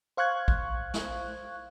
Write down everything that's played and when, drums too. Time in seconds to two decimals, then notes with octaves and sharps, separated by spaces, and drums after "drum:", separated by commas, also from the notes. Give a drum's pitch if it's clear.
0.17 C5 F5 C#6 F#6 G#6
0.48 drum: kick A#1
0.94 drum: snare